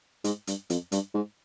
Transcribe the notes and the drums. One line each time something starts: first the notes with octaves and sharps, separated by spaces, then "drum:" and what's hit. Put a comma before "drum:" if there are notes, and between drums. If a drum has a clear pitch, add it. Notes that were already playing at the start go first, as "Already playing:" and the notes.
G#2, drum: hi-hat
G2, drum: hi-hat
F2, drum: hi-hat
G2, drum: hi-hat
G#2